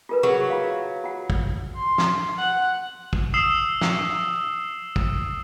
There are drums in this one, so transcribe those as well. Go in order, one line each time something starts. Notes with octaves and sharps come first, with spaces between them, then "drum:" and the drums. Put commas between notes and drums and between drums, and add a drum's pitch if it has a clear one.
F4 A#4 B4
F#3 G#4 F#5 C#6
F4 F5
F4 F#5
drum: kick
C6
drum: snare
F#5
drum: kick
D#6 E6 C7 E7
drum: snare
drum: kick